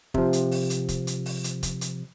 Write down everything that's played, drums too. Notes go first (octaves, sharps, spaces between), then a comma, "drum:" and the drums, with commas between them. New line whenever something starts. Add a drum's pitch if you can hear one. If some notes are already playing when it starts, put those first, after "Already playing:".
C3 F3, drum: kick F1
drum: hi-hat
drum: open hi-hat
drum: hi-hat
drum: kick F1, hi-hat
drum: hi-hat
drum: open hi-hat
drum: hi-hat
drum: kick F1, hi-hat
drum: hi-hat